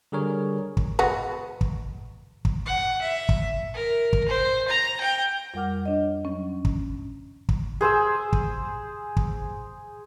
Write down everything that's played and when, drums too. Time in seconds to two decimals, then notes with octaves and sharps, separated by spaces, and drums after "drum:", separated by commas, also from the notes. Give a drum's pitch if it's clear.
0.12 D3 G3 G#4 A#4 C#5
0.77 drum: kick
0.99 G#3 B3 F#4
1.61 drum: kick
2.45 drum: kick
2.66 F#5
3.01 E5
3.29 drum: kick
3.74 A#4
4.13 drum: kick
4.28 C5
4.68 A#5
5.01 G5
5.54 F2 G3 A#4 F#5 D6 F6
5.86 D4 C#5 D#5
6.25 F#3 C#4
6.65 drum: kick
7.49 drum: kick
7.81 G#4 C5 G#5 E6
8.33 drum: kick
9.17 drum: kick